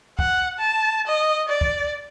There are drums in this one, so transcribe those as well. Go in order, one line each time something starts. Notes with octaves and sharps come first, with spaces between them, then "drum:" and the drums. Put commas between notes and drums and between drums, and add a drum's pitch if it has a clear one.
F#5, drum: kick
A5
D#5
D5
drum: kick